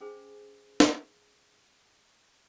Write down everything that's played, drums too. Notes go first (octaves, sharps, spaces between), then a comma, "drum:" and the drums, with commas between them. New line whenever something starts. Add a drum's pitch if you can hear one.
C#4 G#4 C5 G#5
drum: snare